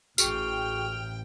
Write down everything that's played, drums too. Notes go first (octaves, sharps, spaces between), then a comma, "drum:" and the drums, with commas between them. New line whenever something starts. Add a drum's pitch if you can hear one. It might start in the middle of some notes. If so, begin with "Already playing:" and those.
A1 F#4 G#4 G5 C#6 F6, drum: tambourine